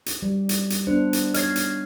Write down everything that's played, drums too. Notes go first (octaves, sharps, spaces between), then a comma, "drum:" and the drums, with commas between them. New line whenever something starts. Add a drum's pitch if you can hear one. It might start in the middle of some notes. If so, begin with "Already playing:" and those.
drum: hi-hat
G3
drum: hi-hat
drum: hi-hat
B3 D4 C5
drum: hi-hat
C#5 D#5 F6 G#6 C7, drum: hi-hat
drum: hi-hat